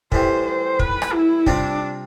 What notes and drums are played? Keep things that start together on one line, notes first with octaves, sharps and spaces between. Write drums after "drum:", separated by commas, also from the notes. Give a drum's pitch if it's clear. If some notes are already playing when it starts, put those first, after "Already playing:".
A2 E3 G3 C5, drum: kick
C5
B4, drum: kick
drum: rim click
E4
C3 G3 C4 D4 F4, drum: kick